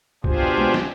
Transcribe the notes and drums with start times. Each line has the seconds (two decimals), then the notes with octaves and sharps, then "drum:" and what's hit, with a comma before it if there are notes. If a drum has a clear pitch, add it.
0.24 B2 D4 F4 G4 G#4 C5, drum: kick
0.58 drum: tom G#3
0.74 drum: snare